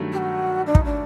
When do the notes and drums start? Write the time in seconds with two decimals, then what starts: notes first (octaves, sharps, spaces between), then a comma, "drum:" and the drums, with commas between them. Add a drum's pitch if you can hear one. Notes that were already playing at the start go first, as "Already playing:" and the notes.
Already playing: G2 D#3 F#3 A3
0.12 G4
0.17 F#4
0.66 D4
0.75 D#4, drum: kick
0.84 D4